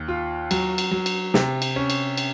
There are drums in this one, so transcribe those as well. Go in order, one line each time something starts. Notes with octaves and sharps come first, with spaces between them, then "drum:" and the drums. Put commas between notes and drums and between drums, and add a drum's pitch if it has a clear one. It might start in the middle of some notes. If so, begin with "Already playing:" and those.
Already playing: D#2
F4
F#3, drum: cymbal
drum: cymbal
F#3
drum: cymbal
C3, drum: snare
drum: cymbal
C#4
drum: cymbal
drum: cymbal